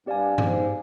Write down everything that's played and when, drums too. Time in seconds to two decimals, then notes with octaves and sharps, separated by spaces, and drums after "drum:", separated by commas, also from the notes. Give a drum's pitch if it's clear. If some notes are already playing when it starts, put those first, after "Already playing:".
0.06 G2 C4 G4 D5 F5 G#5
0.38 G#2, drum: tom G2